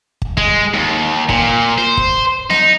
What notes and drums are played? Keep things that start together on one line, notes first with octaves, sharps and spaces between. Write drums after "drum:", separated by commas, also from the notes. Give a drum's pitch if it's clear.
drum: kick
G#3, drum: kick
D#2
A#2, drum: kick
C5
drum: kick
D#4, drum: snare B3